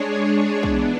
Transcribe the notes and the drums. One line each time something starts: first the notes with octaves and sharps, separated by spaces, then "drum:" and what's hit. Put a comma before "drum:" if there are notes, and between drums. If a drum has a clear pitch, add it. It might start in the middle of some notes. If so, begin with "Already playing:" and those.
Already playing: G#3 D4 G#4 C#5
E3 B3 D4, drum: kick